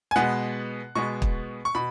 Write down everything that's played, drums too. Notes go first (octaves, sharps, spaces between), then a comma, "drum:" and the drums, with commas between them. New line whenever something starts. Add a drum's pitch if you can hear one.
G#5
B2 G#3 B3 F#5
B2 G#3 B3 C#6
drum: kick
C#6
B2 B5